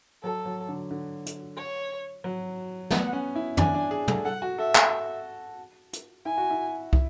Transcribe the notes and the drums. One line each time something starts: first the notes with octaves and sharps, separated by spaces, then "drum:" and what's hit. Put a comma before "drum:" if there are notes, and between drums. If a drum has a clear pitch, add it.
F#3 A4
F#3
D3
D3
drum: hi-hat
C#5
F#3
B3 F#5, drum: snare
C#4
E4
D4 G#5, drum: tom
D4
G#4
A4, drum: tom
A4 F#5
F#4
A4 E5
A4, drum: clap
drum: hi-hat
E4 G#5
F#4
E4
E4, drum: kick